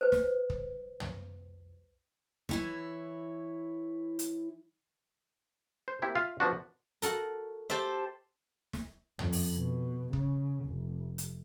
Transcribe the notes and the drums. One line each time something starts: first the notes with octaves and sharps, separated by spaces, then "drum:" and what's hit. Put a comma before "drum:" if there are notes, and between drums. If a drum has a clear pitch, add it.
B4 C5
drum: snare
drum: kick
drum: tom
E3 E4 C#5, drum: snare
drum: hi-hat
C5
A#3 C4 E4 G4
F4 E5 F5
F3 B3 D4 F#4
F#4 A4 A#4, drum: hi-hat
G4 A4 C5 E5 A5
drum: snare
F2, drum: tom
drum: open hi-hat
B2
C#3, drum: kick
F1
drum: hi-hat